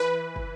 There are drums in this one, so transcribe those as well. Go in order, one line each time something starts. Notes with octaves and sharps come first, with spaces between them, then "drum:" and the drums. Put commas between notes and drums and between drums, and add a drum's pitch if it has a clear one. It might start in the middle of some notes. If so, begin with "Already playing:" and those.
Already playing: E3 B4
drum: kick